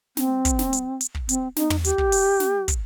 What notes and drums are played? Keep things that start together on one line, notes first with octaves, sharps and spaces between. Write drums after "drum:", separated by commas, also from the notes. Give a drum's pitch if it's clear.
C4, drum: snare
drum: kick, hi-hat
drum: snare
drum: hi-hat
drum: hi-hat
drum: kick
C4, drum: hi-hat
D#4, drum: snare
drum: tom
G4, drum: hi-hat
drum: kick
drum: open hi-hat
drum: snare
drum: kick, hi-hat